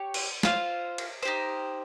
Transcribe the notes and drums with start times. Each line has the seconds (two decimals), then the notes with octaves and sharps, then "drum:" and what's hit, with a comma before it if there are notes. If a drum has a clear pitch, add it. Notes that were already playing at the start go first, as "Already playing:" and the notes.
Already playing: G4 C#5
0.14 drum: cymbal
0.43 F4 C5 F5, drum: snare
0.98 drum: cymbal
1.22 D#4 G4 C5